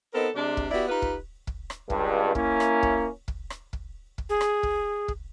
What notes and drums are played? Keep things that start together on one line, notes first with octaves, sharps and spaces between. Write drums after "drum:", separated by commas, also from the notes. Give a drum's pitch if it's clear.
B3 C4 D#4 A4 A#4
C3 G3 G#3 D4 G4
drum: kick
B3 E4 F#4 G4 D5
D#4 F4 G4 B4
drum: kick
drum: kick
drum: rim click
C#2 G2, drum: kick
A#3 C#4 E4, drum: kick
drum: rim click
drum: kick
drum: kick
drum: rim click
drum: kick
drum: kick
G#4
drum: rim click
drum: kick
drum: kick